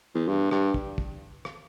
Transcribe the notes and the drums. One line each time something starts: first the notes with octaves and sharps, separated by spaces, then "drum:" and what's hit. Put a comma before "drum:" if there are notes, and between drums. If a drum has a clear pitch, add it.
E2
G2
G2, drum: rim click
drum: kick
drum: kick
drum: rim click